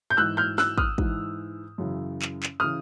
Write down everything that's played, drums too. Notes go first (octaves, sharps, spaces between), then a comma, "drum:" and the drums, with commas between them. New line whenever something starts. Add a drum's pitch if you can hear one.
G6
G#2 E3 E6 F#6
F6 G6
E6 F#6, drum: snare
D#6 F6, drum: kick
G#2 E3, drum: kick
F#2 C#3 E3
drum: clap
drum: clap
C#3 E3 D#6 F6